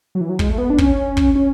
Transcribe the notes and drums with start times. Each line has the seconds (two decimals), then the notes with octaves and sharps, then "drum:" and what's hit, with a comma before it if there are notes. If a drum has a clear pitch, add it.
0.15 F#3
0.21 E3
0.29 F#3
0.39 G#3, drum: kick
0.49 A3
0.58 B3
0.70 D4
0.78 C#4, drum: kick
1.17 drum: kick
1.35 C#4